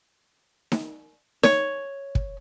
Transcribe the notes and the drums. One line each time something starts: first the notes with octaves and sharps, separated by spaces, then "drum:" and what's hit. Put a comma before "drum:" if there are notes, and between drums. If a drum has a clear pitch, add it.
drum: snare D#4
C#5, drum: snare D#4
drum: kick